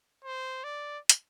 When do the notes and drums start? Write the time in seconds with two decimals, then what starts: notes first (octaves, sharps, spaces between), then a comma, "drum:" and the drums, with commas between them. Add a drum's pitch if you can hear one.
0.25 C5
0.64 D5
1.09 drum: hi-hat